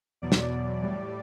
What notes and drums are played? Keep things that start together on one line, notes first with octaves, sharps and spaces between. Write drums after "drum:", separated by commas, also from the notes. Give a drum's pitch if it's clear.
E2 B2 F#3 D5
drum: snare
A2 G3